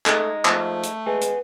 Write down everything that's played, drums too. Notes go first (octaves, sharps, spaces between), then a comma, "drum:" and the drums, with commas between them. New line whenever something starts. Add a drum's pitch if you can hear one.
G#3 A3 D#4, drum: clap
F3 A3, drum: clap
drum: hi-hat
G#3 B3 B4 G#5
drum: hi-hat